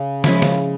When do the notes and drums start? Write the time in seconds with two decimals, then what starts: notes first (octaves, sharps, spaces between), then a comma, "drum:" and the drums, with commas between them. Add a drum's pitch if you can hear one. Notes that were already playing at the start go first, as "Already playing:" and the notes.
Already playing: C#3
0.24 F3 G#3 C#4 E4, drum: snare
0.42 drum: snare